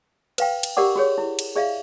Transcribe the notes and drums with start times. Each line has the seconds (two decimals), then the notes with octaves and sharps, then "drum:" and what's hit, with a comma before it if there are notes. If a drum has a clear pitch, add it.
0.38 B4 F5 G5, drum: cymbal
0.63 drum: cymbal
0.77 G4 A#4 D5 F#5 D6
0.96 F#4 G#4 C#5
1.18 E4
1.39 drum: cymbal
1.56 G#4 D5 E5 F5